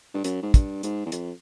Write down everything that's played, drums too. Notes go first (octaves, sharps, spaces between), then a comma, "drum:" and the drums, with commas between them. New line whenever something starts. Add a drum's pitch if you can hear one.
G2
F#2, drum: hi-hat
G#2
G2, drum: kick, hi-hat
G#2, drum: hi-hat
E2
F2, drum: hi-hat